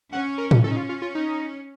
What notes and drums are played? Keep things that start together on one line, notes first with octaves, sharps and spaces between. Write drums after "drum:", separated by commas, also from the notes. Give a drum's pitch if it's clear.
C#4 F#5
A#4
drum: tom A2
C#4 A4
D#4
F4
F4
F4
D#4